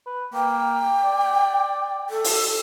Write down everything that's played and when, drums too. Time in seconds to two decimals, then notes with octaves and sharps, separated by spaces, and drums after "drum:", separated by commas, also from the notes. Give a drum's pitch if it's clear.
0.06 B4
0.34 A#3 G5
1.04 D5
2.10 A4
2.24 drum: open hi-hat